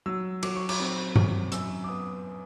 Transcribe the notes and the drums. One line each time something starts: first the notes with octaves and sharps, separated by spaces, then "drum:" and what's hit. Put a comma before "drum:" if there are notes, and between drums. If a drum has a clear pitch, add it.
F#3 E6
F#3 D6, drum: cymbal
C#6
D6, drum: cymbal
C4
F#3, drum: tom G2
F#2 E6, drum: hi-hat
D6
B3 D#6